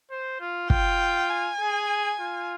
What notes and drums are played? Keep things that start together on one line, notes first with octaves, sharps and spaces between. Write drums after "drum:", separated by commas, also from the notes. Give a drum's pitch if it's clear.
C5
F4
F4 G5, drum: kick
G#5
G#4
F4